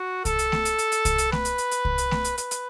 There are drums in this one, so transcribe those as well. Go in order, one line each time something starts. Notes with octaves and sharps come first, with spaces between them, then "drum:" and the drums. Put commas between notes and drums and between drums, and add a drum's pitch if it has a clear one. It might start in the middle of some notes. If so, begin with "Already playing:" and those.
Already playing: F#4
A4, drum: kick C2, hi-hat
drum: hi-hat
drum: snare A3
drum: hi-hat
drum: hi-hat
drum: hi-hat
drum: kick C2, hi-hat
drum: hi-hat
B4, drum: snare A3
drum: hi-hat
drum: hi-hat
drum: hi-hat
drum: kick C2
drum: hi-hat
drum: snare A3
drum: hi-hat
B4, drum: hi-hat
drum: hi-hat